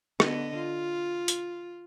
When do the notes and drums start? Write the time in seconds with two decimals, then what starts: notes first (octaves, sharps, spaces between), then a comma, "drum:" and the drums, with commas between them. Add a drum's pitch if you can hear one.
0.20 D3 B3 D#5, drum: rim click
0.55 F4
1.28 drum: hi-hat